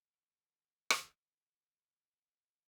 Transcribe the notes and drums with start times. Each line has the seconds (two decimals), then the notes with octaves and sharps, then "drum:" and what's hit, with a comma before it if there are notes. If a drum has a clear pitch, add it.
0.14 D3 G3 F#4 A4 A#4
0.90 drum: rim click